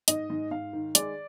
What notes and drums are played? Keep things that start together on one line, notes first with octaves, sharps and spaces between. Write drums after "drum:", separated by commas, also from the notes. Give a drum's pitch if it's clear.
G#2 D#5, drum: hi-hat
G#2
G#2 F5
D#3
G#3 D5, drum: hi-hat